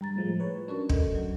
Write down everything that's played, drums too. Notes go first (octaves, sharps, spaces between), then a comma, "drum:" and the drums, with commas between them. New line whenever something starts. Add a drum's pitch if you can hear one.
G2 G3 A#5 A6
A2 F3 G#3
B4 C#5
C#4 D4 F#4 A#4
A4 A#4 D#5, drum: kick
F#3